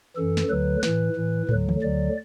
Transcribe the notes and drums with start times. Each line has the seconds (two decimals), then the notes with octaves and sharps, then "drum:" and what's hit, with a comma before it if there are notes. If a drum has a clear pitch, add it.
0.16 F#2 E3 A4
0.37 drum: snare
0.50 D2 D3 F#3 B4
0.83 A2 E3 B4, drum: snare
1.16 A2 E3
1.49 D2 D3 F#3, drum: tom
1.69 drum: tom D#3
1.82 D2 D3 F#3 D5